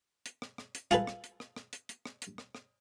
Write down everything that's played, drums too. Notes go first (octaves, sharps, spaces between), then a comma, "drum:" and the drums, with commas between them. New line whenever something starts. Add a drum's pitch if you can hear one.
drum: hi-hat
drum: rim click
drum: rim click
drum: hi-hat
F4 G#4 A4 B4, drum: hi-hat
drum: rim click
drum: hi-hat
drum: rim click
drum: rim click
drum: hi-hat
drum: hi-hat
drum: rim click
drum: hi-hat
drum: rim click
drum: rim click